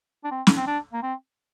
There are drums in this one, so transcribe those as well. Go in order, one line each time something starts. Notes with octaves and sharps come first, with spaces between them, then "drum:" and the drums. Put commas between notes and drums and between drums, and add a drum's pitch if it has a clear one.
D4
C4
drum: snare
C4
D4
A#3
C4